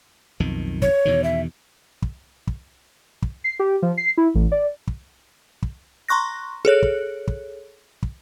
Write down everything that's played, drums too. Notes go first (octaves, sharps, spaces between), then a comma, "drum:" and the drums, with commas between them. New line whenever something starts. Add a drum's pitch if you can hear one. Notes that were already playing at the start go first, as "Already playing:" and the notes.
B1 F2 D#3
C#5, drum: kick
E2 B2 D#3
E5
drum: kick
drum: kick
drum: kick
C7
G4
F3
C7
E4
A1
D5
drum: kick
drum: kick
A#5 C6 C#6 F#6 A#6
G#4 A4 C#5 F#6
drum: kick
drum: kick
drum: kick